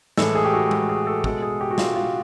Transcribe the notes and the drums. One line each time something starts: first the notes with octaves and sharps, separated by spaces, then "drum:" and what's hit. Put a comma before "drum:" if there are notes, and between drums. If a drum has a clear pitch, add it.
A2 E3 G#3 A4, drum: snare
G#4
G4
F#4
drum: tom G#3
G#4
A4
B2 G#3 A4, drum: kick
G#4
G4
F#4
F4, drum: snare
F4